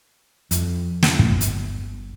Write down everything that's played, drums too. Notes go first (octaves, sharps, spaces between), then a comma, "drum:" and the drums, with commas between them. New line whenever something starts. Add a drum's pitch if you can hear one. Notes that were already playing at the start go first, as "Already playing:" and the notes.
F2, drum: hi-hat
drum: snare
drum: kick
G1
drum: hi-hat